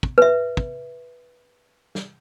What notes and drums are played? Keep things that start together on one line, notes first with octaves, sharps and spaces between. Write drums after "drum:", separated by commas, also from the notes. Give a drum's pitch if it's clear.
drum: kick
B4 E5
drum: kick
drum: snare